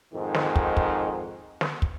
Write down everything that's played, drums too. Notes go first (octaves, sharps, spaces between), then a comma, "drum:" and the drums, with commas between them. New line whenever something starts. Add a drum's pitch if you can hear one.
F2 G#2 D#3
drum: snare
drum: kick
drum: kick
drum: snare
drum: kick